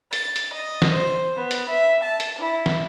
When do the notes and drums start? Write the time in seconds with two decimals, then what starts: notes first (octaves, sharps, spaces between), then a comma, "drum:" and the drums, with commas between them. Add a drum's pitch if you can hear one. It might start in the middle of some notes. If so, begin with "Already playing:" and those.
0.13 A6, drum: hi-hat
0.36 drum: hi-hat
0.53 D#5
0.82 drum: snare
0.93 C5
1.36 B3
1.51 drum: hi-hat
1.69 E5
2.03 A5
2.20 drum: hi-hat
2.38 E4
2.66 drum: snare